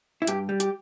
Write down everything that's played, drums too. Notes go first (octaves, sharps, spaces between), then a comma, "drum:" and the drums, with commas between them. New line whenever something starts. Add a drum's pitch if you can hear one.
E4
G2 G4, drum: hi-hat
G3
G4, drum: hi-hat